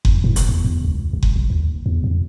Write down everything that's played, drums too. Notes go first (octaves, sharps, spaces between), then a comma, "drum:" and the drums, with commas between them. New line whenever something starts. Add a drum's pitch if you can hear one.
F2, drum: kick F#1
A2
F1, drum: hi-hat
E2
E2
C#2
C2
drum: kick F#1
B1
D#2
E2
F2